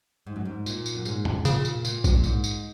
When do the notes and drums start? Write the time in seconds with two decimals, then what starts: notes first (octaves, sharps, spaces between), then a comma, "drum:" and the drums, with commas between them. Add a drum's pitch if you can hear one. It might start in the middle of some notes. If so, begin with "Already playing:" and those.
0.26 G#2
0.36 F#2
0.45 G#2
0.66 A#2, drum: tambourine
0.86 drum: tambourine
0.95 F#2
1.05 G#2, drum: tambourine
1.25 drum: tom E2
1.45 A#2 C#3, drum: tambourine
1.65 drum: tambourine
1.85 A#2, drum: tambourine
2.04 drum: kick A#1, tambourine
2.14 A#2
2.24 G#2, drum: tambourine
2.44 drum: tambourine